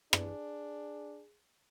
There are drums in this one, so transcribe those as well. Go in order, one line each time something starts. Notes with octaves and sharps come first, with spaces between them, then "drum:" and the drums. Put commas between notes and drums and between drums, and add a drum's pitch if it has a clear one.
D4 G#4, drum: rim click